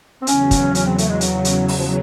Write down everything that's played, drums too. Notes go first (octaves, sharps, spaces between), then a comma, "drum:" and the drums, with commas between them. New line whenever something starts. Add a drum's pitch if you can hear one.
C4
E2 C#3 F#3 C#4, drum: hi-hat
drum: kick, hi-hat
C#4, drum: hi-hat
C4
A3, drum: hi-hat
G#3
F#3, drum: hi-hat
drum: hi-hat
F#3, drum: open hi-hat
F3
F#3